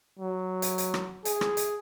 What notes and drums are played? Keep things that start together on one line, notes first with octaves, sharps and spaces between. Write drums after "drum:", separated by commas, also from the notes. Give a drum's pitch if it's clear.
F#3
drum: hi-hat
drum: hi-hat
drum: rim click
G#4, drum: hi-hat
drum: rim click
drum: hi-hat